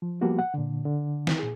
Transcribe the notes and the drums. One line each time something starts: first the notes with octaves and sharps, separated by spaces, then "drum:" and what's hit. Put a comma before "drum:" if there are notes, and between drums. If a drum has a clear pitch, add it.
F3
F3 G3 A#3 B3 F#4 G4
F#5
A#2 D3
D3
drum: snare
A#2 G#4